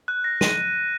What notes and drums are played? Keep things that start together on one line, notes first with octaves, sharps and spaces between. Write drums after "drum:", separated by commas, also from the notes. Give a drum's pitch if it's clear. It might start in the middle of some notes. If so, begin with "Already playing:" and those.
F#6
A#6
D#7, drum: snare